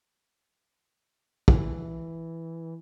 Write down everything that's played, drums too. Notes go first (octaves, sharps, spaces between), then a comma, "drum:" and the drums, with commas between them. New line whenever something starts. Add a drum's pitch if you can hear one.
E3, drum: kick